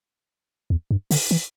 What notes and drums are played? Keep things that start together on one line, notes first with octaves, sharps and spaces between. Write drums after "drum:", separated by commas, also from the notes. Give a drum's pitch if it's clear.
E2
G2
D3, drum: open hi-hat
E3